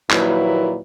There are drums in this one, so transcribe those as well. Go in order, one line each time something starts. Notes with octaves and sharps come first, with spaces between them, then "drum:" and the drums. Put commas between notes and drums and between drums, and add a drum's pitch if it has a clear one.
D#2 A#2 F3 F#3 E4 B4, drum: clap